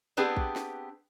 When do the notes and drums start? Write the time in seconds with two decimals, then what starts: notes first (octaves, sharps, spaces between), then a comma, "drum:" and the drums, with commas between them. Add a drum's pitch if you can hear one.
0.17 B3 C4 D4 G4 G#4 B4
0.36 drum: kick A#1
0.56 drum: snare